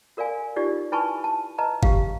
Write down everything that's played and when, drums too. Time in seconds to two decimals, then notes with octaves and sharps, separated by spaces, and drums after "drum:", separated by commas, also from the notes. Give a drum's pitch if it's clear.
0.17 F#4 A#4 D5 F5 G#5
0.56 D#4 F4 G4 D5
0.92 E4 B4 G#5 A5 B5 C#6
1.24 A5
1.58 B4 D#5 A5 A#5
1.83 G4 F5, drum: kick G1